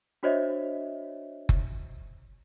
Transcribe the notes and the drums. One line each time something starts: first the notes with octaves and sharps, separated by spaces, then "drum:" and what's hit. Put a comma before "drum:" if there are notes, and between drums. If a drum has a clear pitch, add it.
D4 F#4 C5 C#5 D#5 E5
drum: kick F#1